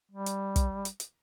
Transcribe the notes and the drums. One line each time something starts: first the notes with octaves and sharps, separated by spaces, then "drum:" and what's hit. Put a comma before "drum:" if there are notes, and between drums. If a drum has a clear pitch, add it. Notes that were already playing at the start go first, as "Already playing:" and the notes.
G3
drum: hi-hat
drum: kick, hi-hat
drum: hi-hat
drum: hi-hat